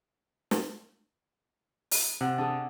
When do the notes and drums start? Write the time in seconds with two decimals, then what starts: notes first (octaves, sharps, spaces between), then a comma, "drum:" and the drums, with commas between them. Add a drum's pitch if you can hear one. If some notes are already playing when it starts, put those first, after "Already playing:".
0.51 drum: snare
1.91 drum: open hi-hat
2.21 C3 F#5
2.38 D4 G#4 A4